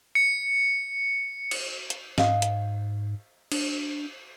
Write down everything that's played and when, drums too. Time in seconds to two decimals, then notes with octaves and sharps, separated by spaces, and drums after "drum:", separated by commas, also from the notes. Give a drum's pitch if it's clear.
0.15 C#7
1.51 drum: cymbal
1.90 drum: hi-hat
2.18 G#2 D#5 F5, drum: snare
2.42 drum: hi-hat
3.52 D4, drum: cymbal